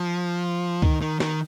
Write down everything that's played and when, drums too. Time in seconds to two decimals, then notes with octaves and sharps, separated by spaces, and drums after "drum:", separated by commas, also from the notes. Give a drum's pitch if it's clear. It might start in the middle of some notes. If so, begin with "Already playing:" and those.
Already playing: F3
0.82 D#3, drum: kick C#2
1.01 D#3
1.20 D#3, drum: snare